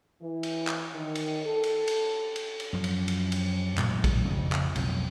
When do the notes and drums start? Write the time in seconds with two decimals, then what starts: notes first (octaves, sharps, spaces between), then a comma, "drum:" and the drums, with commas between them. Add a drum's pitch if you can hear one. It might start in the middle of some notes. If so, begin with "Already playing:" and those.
0.22 E3
0.43 drum: cymbal
0.67 drum: clap
0.94 D#3
1.15 drum: cymbal
1.44 A4
1.63 drum: cymbal
1.88 drum: cymbal
2.36 drum: cymbal
2.60 drum: cymbal
2.73 F#2 F3
2.84 drum: cymbal
3.08 drum: cymbal
3.32 drum: cymbal
3.77 A1 A#2 F#3 G#3, drum: clap
4.04 drum: kick A#1, cymbal
4.28 F2 C#3
4.52 drum: clap
4.76 B1 F2, drum: cymbal